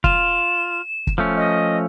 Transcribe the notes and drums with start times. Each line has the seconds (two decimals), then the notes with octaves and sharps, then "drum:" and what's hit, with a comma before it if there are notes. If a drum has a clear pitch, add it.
0.04 F4 E7, drum: kick
1.07 drum: kick
1.18 F3 A3 C#4
1.36 D#5